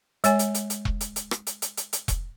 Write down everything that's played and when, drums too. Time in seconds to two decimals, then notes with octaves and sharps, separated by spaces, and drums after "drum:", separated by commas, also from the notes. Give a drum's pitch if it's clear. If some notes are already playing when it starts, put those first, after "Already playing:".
0.24 G#3 C#5 G#5, drum: hi-hat
0.39 drum: hi-hat
0.54 drum: hi-hat
0.70 drum: hi-hat
0.85 drum: kick E1
1.01 drum: hi-hat
1.16 drum: hi-hat
1.31 drum: rim click
1.47 drum: hi-hat
1.62 drum: hi-hat
1.77 drum: hi-hat
1.93 drum: hi-hat
2.08 drum: kick E1, hi-hat